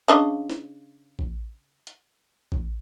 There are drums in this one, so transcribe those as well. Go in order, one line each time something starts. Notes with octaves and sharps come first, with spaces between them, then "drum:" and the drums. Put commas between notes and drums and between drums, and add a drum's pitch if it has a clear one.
C#3 D4 D#5
drum: snare
drum: kick A1
drum: hi-hat
drum: kick A1